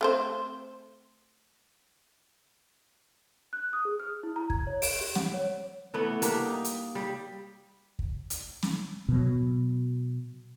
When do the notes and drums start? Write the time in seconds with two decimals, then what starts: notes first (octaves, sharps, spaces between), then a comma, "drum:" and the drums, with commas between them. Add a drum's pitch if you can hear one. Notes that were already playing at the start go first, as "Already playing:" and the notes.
0.01 A3 C4 C5
3.53 F#6
3.73 D#6
3.85 G#4
4.00 F6
4.23 E4
4.36 A#5
4.50 G#6, drum: kick
4.67 C#5
4.82 D7, drum: open hi-hat
5.01 G4
5.15 F#5, drum: snare
5.34 C#5
5.94 E3 A3 B3
6.22 G3 A#3 D4, drum: hi-hat
6.45 D#4
6.64 drum: hi-hat
6.95 G3
7.99 drum: kick
8.30 drum: hi-hat
8.63 drum: snare
9.09 B2 F#3